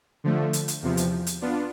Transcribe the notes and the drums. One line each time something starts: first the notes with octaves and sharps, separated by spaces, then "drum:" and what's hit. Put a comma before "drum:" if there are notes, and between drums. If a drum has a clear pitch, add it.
D3 F3 A3
drum: hi-hat
drum: hi-hat
E2 C3 F3
drum: hi-hat
drum: hi-hat
B3 D4 F4